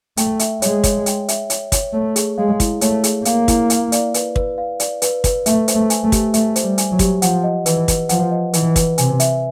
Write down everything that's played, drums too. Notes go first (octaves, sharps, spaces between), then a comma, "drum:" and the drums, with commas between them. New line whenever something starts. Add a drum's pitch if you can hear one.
A3 G5, drum: hi-hat
E5, drum: hi-hat
G#3 C#5, drum: hi-hat
C#5, drum: kick, hi-hat
G5, drum: hi-hat
E5, drum: hi-hat
C#5, drum: hi-hat
C#5, drum: kick, hi-hat
A3 C#5
G#4, drum: hi-hat
G#3 F5
E4, drum: kick, hi-hat
A3 C#5, drum: hi-hat
G#4, drum: hi-hat
A#3 F5, drum: hi-hat
E4, drum: kick, hi-hat
F5, drum: hi-hat
D5, drum: hi-hat
B4, drum: hi-hat
B4, drum: kick
F5
D5, drum: hi-hat
B4, drum: hi-hat
B4, drum: kick, hi-hat
A3 E5, drum: hi-hat
C5, drum: hi-hat
A3
G#5, drum: hi-hat
A3
G4, drum: kick, hi-hat
A3 E5, drum: hi-hat
C5, drum: hi-hat
G3
G#5, drum: hi-hat
F#3
G4, drum: kick, hi-hat
F3 F#5, drum: hi-hat
D#5
E3 B4, drum: hi-hat
B4, drum: kick, hi-hat
F3 F#5, drum: hi-hat
D#5
E3 B4, drum: hi-hat
B4, drum: kick, hi-hat
C3 G#5, drum: hi-hat
E5, drum: hi-hat